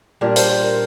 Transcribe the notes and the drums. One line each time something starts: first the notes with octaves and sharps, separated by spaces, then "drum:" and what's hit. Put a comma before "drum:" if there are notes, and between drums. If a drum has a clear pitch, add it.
A#2 G3 D4 A#4
C5, drum: hi-hat
D5
A#4